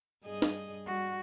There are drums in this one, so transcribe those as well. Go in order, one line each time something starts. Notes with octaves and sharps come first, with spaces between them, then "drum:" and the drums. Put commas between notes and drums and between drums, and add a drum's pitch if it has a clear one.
G2 G#4 D#5
drum: snare
G3 F#4